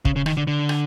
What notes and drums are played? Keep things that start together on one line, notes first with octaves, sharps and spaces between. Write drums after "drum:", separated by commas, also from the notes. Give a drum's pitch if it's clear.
C#3, drum: kick
C#3
D#3, drum: rim click
D3
D3
drum: rim click